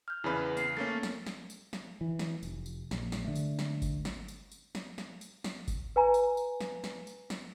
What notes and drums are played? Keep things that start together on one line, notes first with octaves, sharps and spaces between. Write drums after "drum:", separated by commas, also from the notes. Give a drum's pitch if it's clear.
F6 G6
E2 C#3 C#4 E4 B4
B3 C7, drum: tambourine
A3 A#3 C#4 A6
drum: snare
drum: snare
drum: tambourine
drum: snare
E3
drum: snare
F1, drum: tambourine
drum: tambourine
A#1, drum: snare
drum: snare
D3 A3
drum: tambourine
drum: snare
drum: kick G1, tambourine
drum: snare
drum: tambourine
drum: tambourine
drum: snare
drum: snare
drum: tambourine
drum: snare
drum: kick G1, tambourine
B4 G#5 A#5
drum: tambourine
drum: tambourine
drum: snare
drum: snare
drum: tambourine
drum: snare